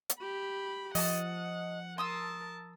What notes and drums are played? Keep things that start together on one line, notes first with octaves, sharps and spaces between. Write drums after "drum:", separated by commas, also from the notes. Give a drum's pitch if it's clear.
drum: hi-hat
G4 B5
F3 D#5 F#5 A5, drum: open hi-hat
A#4 A5 C6 D#6 E6